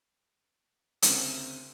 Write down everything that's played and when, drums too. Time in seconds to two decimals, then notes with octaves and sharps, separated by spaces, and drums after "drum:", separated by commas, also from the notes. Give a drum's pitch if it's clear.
1.02 D2 C#3 C4 A#4 D#7 E7, drum: hi-hat